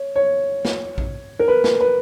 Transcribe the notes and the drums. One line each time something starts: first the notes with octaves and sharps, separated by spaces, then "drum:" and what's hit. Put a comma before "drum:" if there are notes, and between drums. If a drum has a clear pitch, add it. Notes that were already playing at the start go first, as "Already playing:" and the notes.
Already playing: C#5
C#5
drum: snare
drum: kick A#1
A#4
B4
drum: snare
B4